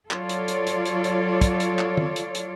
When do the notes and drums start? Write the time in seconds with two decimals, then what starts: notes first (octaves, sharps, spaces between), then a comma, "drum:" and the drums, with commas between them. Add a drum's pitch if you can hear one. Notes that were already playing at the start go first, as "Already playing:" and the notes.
0.11 F#3 F4 A4 C#5 D5, drum: clap
0.29 drum: hi-hat
0.48 drum: hi-hat
0.67 drum: hi-hat
0.85 drum: hi-hat
1.04 drum: hi-hat
1.41 drum: kick, hi-hat
1.60 drum: hi-hat
1.79 drum: clap
1.97 drum: tom D#3
2.16 drum: hi-hat
2.35 drum: hi-hat